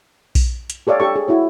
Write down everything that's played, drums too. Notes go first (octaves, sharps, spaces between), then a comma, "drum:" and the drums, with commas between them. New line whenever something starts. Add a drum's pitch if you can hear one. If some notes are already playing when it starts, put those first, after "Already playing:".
drum: kick A#1, open hi-hat
drum: hi-hat
G4 A4 C#5 D5 F5
G4 A4 C#6
G#4
E4 F#4 C#5